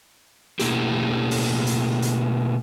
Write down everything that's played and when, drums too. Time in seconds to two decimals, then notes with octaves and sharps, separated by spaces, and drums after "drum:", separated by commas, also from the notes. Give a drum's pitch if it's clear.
0.59 B2 A3 A#3 E4 G4, drum: hi-hat
1.31 drum: open hi-hat
1.67 drum: hi-hat
2.02 drum: hi-hat